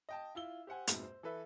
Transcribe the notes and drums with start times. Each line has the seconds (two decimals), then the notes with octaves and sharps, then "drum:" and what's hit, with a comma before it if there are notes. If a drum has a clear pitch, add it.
0.09 D#5 G5 A5
0.35 E4 F4 E6 G7
0.67 G4 C5 F#5 G#5
0.87 A#1 F2 G#2 B2, drum: hi-hat
1.03 C5
1.23 E3 A4 B4 E5